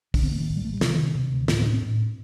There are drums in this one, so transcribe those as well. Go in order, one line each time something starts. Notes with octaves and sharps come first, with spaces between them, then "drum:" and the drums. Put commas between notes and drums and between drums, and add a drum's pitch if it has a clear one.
D3 D4, drum: kick, open hi-hat
C4
A1 A#3
D#3
A1
G3
A1 A3
G3
C3 D#3, drum: snare
C3
C3
D2
A2 A#3, drum: snare
C4
A2 D4
C4
A2